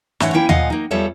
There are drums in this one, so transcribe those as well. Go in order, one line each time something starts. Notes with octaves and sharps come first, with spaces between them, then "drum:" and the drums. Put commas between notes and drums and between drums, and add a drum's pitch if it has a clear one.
G#2 E3 A3 C#4 C#5 F#5, drum: snare
A#3 C#4 E4 G5
A#2 F3 D#5 F5 F#5 G#5, drum: tom D#2
A#3 D#4
E2 F3 G3 A4 C#5 E5